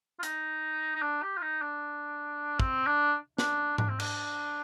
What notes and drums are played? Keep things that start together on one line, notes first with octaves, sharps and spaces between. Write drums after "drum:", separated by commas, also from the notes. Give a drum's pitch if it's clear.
F4
D#4, drum: hi-hat
D#4
D4
G4
F4
D#4
D4
C4, drum: kick
D4
D4, drum: snare
D4, drum: tom G#2
C4
D4, drum: cymbal